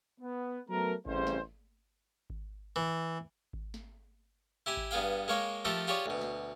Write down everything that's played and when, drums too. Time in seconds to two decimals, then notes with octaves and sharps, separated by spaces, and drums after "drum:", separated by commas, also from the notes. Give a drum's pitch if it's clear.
0.20 B3
0.69 F#3 A3 B3 A#4
1.06 A1 C#3 G3 C4 C#4 C5, drum: kick G#1
1.27 drum: snare
2.30 drum: kick G#1
2.76 E3
3.53 drum: kick G#1
3.74 drum: snare
4.66 E4 G4 G#5
4.77 drum: kick G#1
4.91 G2 B3 G#4 F5 G5
5.28 G#3 A#3 C#5 F5 G5
5.65 F3 A3 F4 G4 A4 A#4
5.88 F4 G4 G#4 C#5 D5
6.06 D2 B2
6.21 drum: snare